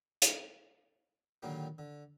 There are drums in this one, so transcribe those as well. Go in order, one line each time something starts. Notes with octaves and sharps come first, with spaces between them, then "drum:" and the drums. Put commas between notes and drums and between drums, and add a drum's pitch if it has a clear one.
drum: hi-hat
A#2 D3 D#3 F#3 G3 A#3
D3